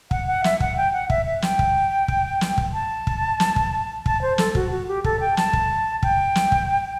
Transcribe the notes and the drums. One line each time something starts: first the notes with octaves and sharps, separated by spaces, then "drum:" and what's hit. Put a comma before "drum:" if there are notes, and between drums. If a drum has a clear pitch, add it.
F#5, drum: kick
F#5
E5, drum: snare
F#5, drum: kick
G5
F#5
E5, drum: kick
E5
G5, drum: snare
drum: kick
drum: kick
drum: snare
drum: kick
A5
drum: kick
drum: snare
drum: kick
A5, drum: kick
C5
A4, drum: snare
F#4, drum: kick
F#4
G4
A4, drum: kick
G5
A5, drum: snare
drum: kick
G5, drum: kick
drum: snare
drum: kick